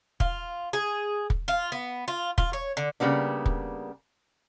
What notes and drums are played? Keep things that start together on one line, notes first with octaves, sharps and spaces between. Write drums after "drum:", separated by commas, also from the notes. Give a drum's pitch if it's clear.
F4, drum: kick
G#4
drum: kick
F4
B3
F4
F4, drum: kick
C#5
D3
C#3 G3 A#3 B3 D4
drum: kick